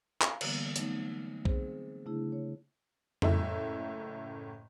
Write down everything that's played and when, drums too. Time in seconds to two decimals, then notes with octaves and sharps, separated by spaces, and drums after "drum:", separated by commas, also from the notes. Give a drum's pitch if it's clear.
0.21 F5 A#5, drum: clap
0.41 D3 E3 G3 A#3 B3, drum: cymbal
0.76 F#3 A3 B3 D#4, drum: hi-hat
1.45 C4 G#4 C5, drum: kick
2.06 C#3 A3 D4 E4 G#4
2.32 C#5
3.22 F#1 A2 E5, drum: tom F2